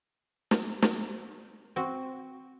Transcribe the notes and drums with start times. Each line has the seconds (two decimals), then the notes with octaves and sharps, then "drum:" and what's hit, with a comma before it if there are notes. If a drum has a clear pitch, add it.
0.51 drum: snare
0.82 drum: snare
1.76 C4 F#4